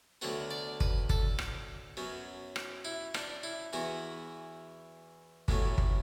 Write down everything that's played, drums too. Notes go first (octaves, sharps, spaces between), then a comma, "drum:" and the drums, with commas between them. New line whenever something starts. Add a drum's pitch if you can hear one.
D2 D3 F#3 B3 F#5
D5
B4, drum: kick G1
A4, drum: kick G1
drum: rim click
F#2 F#3 B3
drum: rim click
E4
D4, drum: rim click
E4
E2 E3 B3 F#4
A1 A2 F#3 B3, drum: kick G1
drum: kick G1